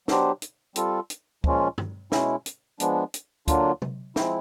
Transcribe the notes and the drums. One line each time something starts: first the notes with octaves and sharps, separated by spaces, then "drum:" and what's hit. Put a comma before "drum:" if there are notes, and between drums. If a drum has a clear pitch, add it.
F#3 B3 D4 G4 C5, drum: snare
drum: hi-hat
G3 C4 F4 A4, drum: hi-hat
drum: hi-hat
A#2 F3 G#3 C#4 F4, drum: kick
drum: tom
B2 G#3 C#4 E4, drum: snare
drum: hi-hat
F3 G#3 B3 D4, drum: hi-hat
drum: hi-hat
D3 F#3 A#3 D4 F4, drum: kick, hi-hat
drum: tom C3
F3 G#3 C4 E4, drum: snare